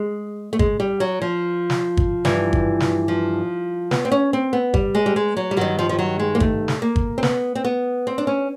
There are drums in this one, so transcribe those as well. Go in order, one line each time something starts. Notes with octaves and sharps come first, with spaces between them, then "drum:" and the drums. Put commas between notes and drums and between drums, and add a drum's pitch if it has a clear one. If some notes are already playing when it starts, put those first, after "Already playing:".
Already playing: G#3
A3
G#3, drum: kick G1
G3
F#3
F3
drum: snare
drum: kick G1
G2 E3, drum: snare
drum: kick G1
drum: snare
F3
B3, drum: snare
C4
C#4
C4
B3
G3, drum: kick G1
G#3
G3
G#3
F#3
G3
G2 D#3 F#3
F3
F3
F#3
G#3
A#3
A3, drum: kick G1
drum: snare
A#3
drum: kick G1
C4
B3, drum: snare
C4
B3
C4
D4
C#4